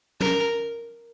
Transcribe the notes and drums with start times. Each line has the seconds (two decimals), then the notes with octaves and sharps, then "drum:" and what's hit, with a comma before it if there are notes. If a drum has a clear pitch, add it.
0.20 A#4, drum: tom